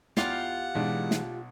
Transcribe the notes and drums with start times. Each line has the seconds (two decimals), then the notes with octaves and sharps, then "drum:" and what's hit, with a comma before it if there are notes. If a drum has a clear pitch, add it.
0.17 E2 F4 G4 F5 F#5, drum: snare
0.75 B1 E3 G#3 D4
1.11 drum: snare